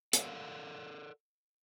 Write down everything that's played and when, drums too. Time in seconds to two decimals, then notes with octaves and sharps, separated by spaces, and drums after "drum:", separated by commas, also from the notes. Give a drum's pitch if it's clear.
0.13 A4 A#4 D5 F5 F#5, drum: hi-hat